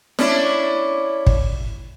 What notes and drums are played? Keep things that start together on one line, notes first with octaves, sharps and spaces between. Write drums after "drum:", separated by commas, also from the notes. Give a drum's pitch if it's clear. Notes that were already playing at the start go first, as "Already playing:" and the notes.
C#4 D4 E4, drum: snare
drum: kick G#1